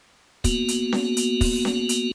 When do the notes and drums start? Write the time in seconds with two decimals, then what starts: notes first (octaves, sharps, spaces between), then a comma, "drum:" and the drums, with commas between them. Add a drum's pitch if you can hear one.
0.44 A#3 B3 F#4, drum: kick, hi-hat
0.68 drum: hi-hat
0.92 drum: snare C#4
1.17 drum: hi-hat
1.41 drum: kick, open hi-hat
1.65 drum: snare C#4
1.89 drum: hi-hat